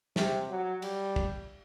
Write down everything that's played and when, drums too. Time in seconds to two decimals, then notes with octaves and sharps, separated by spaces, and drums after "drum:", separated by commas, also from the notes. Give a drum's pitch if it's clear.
0.16 C3, drum: snare
0.49 F#3
0.82 G3, drum: cymbal
1.16 drum: kick